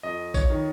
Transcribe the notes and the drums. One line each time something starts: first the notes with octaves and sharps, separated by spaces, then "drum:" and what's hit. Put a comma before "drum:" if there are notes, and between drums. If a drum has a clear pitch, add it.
F2 D#5
C#5, drum: kick B1, tambourine
D#3